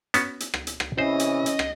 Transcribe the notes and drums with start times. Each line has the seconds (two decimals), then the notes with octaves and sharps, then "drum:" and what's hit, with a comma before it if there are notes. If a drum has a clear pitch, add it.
0.14 B3 C#4 F#4, drum: hi-hat
0.40 drum: hi-hat
0.54 drum: rim click
0.67 drum: hi-hat
0.80 drum: rim click
0.98 C3 E3 C#4 E4 C5 D#5
1.20 drum: hi-hat
1.46 drum: hi-hat
1.59 drum: rim click